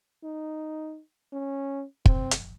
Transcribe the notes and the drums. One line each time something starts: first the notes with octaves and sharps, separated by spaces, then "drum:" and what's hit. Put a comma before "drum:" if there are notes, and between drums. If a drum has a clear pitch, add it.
D#4
C#4
C4, drum: kick
drum: hi-hat